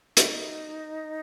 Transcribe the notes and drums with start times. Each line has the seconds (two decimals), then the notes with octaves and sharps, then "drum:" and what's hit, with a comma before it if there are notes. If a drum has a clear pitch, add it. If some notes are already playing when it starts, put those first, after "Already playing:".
0.17 D#4, drum: hi-hat